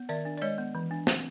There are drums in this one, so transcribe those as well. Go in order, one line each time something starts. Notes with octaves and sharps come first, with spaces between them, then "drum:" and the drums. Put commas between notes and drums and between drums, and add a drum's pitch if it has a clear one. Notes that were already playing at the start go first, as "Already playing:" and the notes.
Already playing: B3
D#3 D5 E5
D4
D5
G#3 C#5 D#5
B3
E3
D4
C4, drum: snare